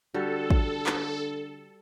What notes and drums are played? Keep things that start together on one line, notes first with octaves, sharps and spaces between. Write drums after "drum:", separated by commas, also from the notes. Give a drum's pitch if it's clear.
D3 G3 F#4 A4
drum: kick
drum: clap